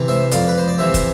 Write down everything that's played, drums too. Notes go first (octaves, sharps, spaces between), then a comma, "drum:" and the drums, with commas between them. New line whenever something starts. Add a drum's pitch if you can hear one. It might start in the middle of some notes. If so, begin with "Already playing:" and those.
Already playing: C3 E3
C5 E5
F2 D5 F5, drum: hi-hat
B4
C5
D5
C3 E3 C5 E5
drum: kick, hi-hat